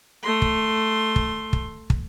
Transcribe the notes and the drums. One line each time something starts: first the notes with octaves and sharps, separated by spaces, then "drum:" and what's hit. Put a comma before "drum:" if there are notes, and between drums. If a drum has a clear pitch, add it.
A3 C6
drum: kick
drum: kick
drum: kick
drum: kick